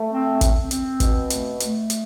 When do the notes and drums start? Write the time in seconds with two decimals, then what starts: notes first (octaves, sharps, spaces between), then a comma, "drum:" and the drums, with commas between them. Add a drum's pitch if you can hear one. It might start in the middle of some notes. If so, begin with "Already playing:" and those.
Already playing: A3
0.11 C4
0.41 C4, drum: kick, hi-hat
0.71 C4, drum: hi-hat
1.00 B2, drum: kick, hi-hat
1.30 A3, drum: hi-hat
1.60 A3, drum: hi-hat
1.90 drum: hi-hat